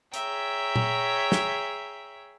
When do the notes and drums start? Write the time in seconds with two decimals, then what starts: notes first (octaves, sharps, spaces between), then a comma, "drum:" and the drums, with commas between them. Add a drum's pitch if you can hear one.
0.14 G#4 C#5 E5 G5 A#5, drum: hi-hat
0.76 drum: tom A#2
1.32 drum: snare